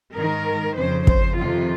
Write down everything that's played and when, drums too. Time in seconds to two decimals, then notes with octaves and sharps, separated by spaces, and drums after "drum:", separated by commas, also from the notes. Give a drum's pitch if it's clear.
0.13 G#2 D#3 A#4
0.76 F2 C#3 C5
1.07 C5, drum: kick
1.38 F2 C3 D#3 F4